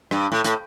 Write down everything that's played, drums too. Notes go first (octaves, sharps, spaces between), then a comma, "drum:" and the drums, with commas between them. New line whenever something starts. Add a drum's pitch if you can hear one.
G2, drum: rim click
A2
A2, drum: hi-hat